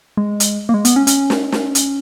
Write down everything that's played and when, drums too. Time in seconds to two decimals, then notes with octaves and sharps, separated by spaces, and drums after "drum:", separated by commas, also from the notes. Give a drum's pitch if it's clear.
0.17 G#3
0.40 drum: hi-hat
0.69 A#3
0.74 G#3
0.85 B3, drum: hi-hat
0.96 C#4
1.07 C#4, drum: hi-hat
1.30 drum: snare
1.52 drum: snare
1.75 drum: hi-hat